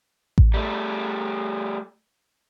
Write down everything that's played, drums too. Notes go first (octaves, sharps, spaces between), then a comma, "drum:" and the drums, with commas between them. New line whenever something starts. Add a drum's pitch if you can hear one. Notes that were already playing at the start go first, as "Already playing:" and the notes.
drum: kick A1
G3 A3